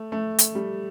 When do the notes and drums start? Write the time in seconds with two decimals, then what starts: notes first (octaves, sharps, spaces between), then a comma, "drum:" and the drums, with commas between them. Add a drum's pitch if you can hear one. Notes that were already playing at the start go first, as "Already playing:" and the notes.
Already playing: A3
0.12 A3
0.39 drum: hi-hat
0.55 G3